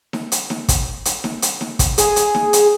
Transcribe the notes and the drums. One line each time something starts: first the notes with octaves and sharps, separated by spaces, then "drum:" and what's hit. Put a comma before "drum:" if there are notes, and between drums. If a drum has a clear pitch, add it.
drum: snare D#4
drum: hi-hat
drum: snare D#4
drum: kick, hi-hat
drum: hi-hat
drum: snare D#4
drum: hi-hat
drum: snare D#4
drum: kick, hi-hat
G#4, drum: hi-hat
drum: hi-hat
drum: snare D#4
drum: hi-hat